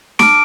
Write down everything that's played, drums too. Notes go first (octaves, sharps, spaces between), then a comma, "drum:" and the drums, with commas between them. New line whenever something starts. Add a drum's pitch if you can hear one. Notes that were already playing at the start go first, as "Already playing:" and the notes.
A5 D6 F6 D7, drum: snare